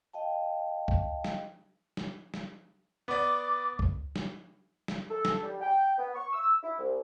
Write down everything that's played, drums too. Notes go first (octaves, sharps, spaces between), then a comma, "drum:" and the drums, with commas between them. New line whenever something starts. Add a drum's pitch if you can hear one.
D#5 F5 G5 A5
drum: kick
drum: snare
drum: snare
drum: snare
B3 D5 D6
drum: kick
drum: snare
drum: snare
A4
drum: snare
G3
G5
B3
C#6
E6
E4
C2